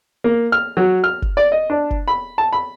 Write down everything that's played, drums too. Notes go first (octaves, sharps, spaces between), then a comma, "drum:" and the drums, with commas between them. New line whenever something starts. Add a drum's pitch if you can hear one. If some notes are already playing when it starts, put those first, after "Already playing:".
A#3
F6
F#3
F6
drum: kick F#1
D5
D#5
D4
drum: kick F#1
B5
A5
B5